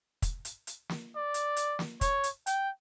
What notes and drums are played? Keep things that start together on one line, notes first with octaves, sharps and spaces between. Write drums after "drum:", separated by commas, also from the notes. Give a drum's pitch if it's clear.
drum: kick, hi-hat
drum: hi-hat
drum: hi-hat
drum: snare
D5
drum: hi-hat
drum: hi-hat
drum: snare
C#5, drum: kick, hi-hat
drum: hi-hat
G5, drum: hi-hat